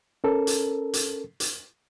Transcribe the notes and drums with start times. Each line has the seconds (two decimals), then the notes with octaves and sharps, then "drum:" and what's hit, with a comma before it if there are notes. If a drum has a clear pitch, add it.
0.24 C#4 A4 A#4
0.47 drum: hi-hat
0.93 drum: hi-hat
1.40 drum: hi-hat